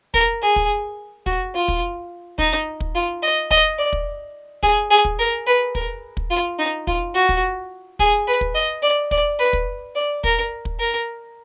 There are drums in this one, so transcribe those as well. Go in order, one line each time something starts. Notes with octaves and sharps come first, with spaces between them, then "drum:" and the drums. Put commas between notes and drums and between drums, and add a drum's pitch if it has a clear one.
A#4, drum: kick
G#4
drum: kick
F#4, drum: kick
F4
drum: kick
D#4, drum: kick
drum: kick
F4
D#5
D#5, drum: kick
D5
drum: kick
G#4, drum: kick
G#4
drum: kick
A#4
B4
A#4, drum: kick
drum: kick
F4
D#4
F4, drum: kick
F#4
drum: kick
G#4, drum: kick
B4
drum: kick
D#5
D5
D5, drum: kick
B4
drum: kick
D5
A#4, drum: kick
drum: kick
A#4